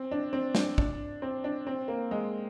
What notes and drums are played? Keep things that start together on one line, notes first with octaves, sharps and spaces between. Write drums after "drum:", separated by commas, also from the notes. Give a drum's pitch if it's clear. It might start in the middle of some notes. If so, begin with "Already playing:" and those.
Already playing: C4
D4
C4
D4, drum: snare
D4, drum: kick
C4
D4
C4
A#3
G#3